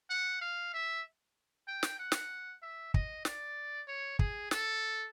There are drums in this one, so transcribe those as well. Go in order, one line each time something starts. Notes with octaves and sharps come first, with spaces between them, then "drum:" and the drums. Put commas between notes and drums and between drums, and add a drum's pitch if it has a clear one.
F#5
F5
E5
G5
drum: snare
F#5
drum: snare
E5
D#5, drum: kick
D5, drum: snare
C#5
G#4, drum: kick
A4, drum: snare